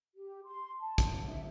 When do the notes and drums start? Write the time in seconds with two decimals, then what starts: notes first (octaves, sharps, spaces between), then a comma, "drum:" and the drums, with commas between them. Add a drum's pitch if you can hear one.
0.16 G4
0.45 C6
0.81 A5
0.98 drum: kick, hi-hat
1.28 E5